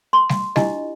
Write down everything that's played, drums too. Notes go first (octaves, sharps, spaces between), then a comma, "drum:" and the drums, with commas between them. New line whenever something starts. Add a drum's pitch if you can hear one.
C6
drum: snare G3
D4 E4 F4 G4 D#5, drum: snare G3